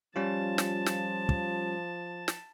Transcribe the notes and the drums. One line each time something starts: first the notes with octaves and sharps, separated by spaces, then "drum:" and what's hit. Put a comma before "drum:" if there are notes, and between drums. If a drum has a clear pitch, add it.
F3 G3 C#4 F4 A5
drum: snare
drum: snare
drum: kick
drum: snare